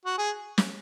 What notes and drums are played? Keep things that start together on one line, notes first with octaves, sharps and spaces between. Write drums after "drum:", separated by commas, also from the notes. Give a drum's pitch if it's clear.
F#4
G#4
drum: snare